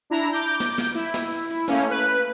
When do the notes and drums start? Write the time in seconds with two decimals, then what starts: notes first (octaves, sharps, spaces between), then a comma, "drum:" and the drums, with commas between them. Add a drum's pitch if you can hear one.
0.10 D4 E4 A#5
0.32 D6 G6
0.42 drum: hi-hat
0.60 drum: snare
0.78 drum: snare
0.95 E4
1.14 drum: snare
1.50 drum: hi-hat
1.68 A3 A#3 C#4, drum: snare
1.90 B4